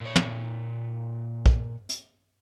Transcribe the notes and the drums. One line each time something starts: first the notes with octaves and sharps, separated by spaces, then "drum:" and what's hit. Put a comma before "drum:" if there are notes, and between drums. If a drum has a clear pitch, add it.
A#2 C#5
drum: tom
drum: kick
drum: hi-hat